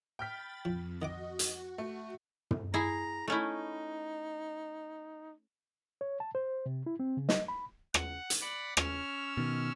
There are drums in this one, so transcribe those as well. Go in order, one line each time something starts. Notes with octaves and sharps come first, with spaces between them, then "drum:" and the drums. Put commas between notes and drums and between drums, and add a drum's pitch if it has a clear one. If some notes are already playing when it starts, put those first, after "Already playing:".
G5 B5 F6 A6 B6
F2 F3
D#3 F#4 D#5 F#5 D6
drum: hi-hat
A3
drum: tom
E4 G#4 A#5
A3 C#4 D#4 E4
C#5
A5
C5
C3
E4
C4
C#3
D#5, drum: snare
B5
F#5, drum: rim click
drum: hi-hat
D5 F#5 B5
C#4 E6 F6, drum: rim click
B2 D#3